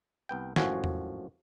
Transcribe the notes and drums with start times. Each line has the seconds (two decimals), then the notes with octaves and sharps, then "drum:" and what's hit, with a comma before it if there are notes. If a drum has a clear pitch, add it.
0.29 C2 B3 G5
0.56 G#1 F#2 A2 F3 F#4 G#5, drum: snare
0.84 drum: tom E2